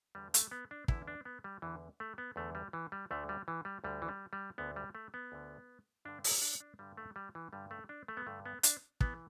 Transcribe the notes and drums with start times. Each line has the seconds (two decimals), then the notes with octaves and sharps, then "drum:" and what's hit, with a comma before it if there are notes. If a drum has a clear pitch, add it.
0.15 E2 D3 G3
0.34 A3, drum: hi-hat
0.51 B3
0.71 D4
0.88 E2 D3 E4, drum: kick
1.08 D4
1.25 B3
1.44 G3
1.62 E2 D3 E3
2.00 A3
2.18 B3
2.36 E2 D3 A3
2.55 G3
2.73 E3
2.92 G3
3.11 D2 D3 A3
3.29 G3
3.48 E3
3.65 G3
3.84 D2 D3 G3
4.02 E3
4.08 G3
4.33 G3
4.58 D2 D3 B3
4.76 G3
4.95 A3
5.14 B3
5.32 D2 D3
6.05 G2 D3 D4
6.24 E4, drum: open hi-hat
6.42 D4
6.60 D4
6.79 G2 D3 G3
6.97 A3
7.16 G3
7.35 E3
7.53 G2 D3 G3
7.71 A3
7.89 D4
8.08 A3
8.17 B3
8.27 G2 D3 A3
8.46 B3
8.63 D4, drum: hi-hat
9.01 E3 B3, drum: kick